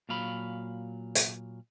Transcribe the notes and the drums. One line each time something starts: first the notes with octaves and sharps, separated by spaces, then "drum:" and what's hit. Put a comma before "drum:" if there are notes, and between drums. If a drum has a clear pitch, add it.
A#2 F#3 F5 B5
drum: hi-hat